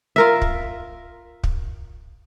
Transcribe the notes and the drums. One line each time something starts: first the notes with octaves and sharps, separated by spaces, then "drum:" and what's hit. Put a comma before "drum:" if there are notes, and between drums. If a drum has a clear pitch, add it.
F4 A#4 E5
drum: kick
drum: kick